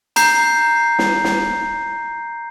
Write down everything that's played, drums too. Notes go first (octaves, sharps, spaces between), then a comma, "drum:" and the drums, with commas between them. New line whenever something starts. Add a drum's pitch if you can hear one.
A#5 G6 C7, drum: hi-hat
drum: snare
drum: snare